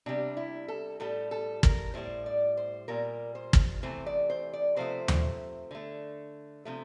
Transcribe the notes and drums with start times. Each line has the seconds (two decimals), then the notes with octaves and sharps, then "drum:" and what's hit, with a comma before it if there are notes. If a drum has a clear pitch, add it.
0.06 C3 G3 D4
0.37 E4
0.68 A4
1.00 A2 G3 A4
1.31 A4
1.63 A#4, drum: kick
1.94 A2 G3 C5
2.26 D5
2.57 C5
2.88 A#2 G3 A#4
3.35 C5
3.53 drum: kick
3.83 C3 E3 A3 C5
4.06 D5
4.30 C5
4.53 D5
4.76 C3 F3 A3 C5
5.08 drum: tom D#2
5.71 D3 A3
6.65 C3 F3 A3